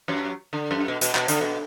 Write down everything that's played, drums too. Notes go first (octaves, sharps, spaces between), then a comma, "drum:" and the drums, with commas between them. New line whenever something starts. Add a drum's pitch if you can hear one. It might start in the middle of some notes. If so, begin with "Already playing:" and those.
F#2 F#3
D3
F#2
B2
B2, drum: hi-hat
B2, drum: clap
D3, drum: hi-hat
B2